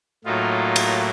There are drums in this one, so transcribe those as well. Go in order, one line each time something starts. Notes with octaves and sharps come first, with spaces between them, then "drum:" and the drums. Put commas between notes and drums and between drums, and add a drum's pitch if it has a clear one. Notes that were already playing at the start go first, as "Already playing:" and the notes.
A2 F#3 A#3 D#4 F4
drum: cymbal